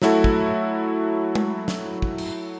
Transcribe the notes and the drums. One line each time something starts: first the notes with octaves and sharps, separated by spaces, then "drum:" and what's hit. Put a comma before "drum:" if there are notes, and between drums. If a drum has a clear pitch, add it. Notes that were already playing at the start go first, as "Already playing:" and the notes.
F#3 A3 E4 F#4 A4, drum: snare
drum: kick
drum: tom G#3
drum: snare
drum: kick
drum: cymbal